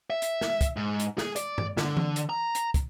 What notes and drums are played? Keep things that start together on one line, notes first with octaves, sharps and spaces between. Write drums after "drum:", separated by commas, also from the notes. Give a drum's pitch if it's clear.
E5
drum: hi-hat
drum: snare
drum: kick, hi-hat
G#2
drum: hi-hat
G#4, drum: snare
D5, drum: hi-hat
drum: tom
D3, drum: snare
drum: tom E3
drum: hi-hat
A#5
drum: hi-hat
drum: kick, hi-hat